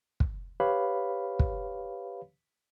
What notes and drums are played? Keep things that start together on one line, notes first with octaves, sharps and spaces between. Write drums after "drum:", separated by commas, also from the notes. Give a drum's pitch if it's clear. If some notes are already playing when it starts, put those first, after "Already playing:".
drum: kick
G4 B4 C#5 F5 B5
drum: kick